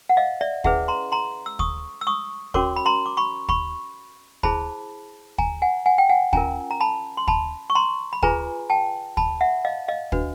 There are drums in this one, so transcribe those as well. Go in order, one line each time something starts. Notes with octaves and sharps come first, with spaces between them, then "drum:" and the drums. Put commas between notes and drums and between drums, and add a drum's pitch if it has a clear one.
F#5
D#5 F5
D5 E5
C#4 E4 G#4 B4 E5 F#5, drum: kick
A#5 C6
A#5 C6
E6
C#6 D#6, drum: kick
E6
C#6 D#6
C#4 F#4 A#4 C#5 C6 D6, drum: kick
B5
A#5 C6
D6
B5 C#6
B5 C#6, drum: kick
E4 G#4 C5 A5 B5, drum: kick
G#5 A#5, drum: kick
F#5 G#5
F#5 G#5
G5
F#5 G#5
C#4 F4 A#4 G#5 A#5, drum: kick
A#5
A5 B5
C6
A5 B5, drum: kick
C#6
A#5 C6
B5
F4 G#4 B4 G#5 A#5, drum: kick
G5 A5
A5 B5, drum: kick
E5 F#5
D#5 F5
D#5 F5
D4 F#4 B4, drum: kick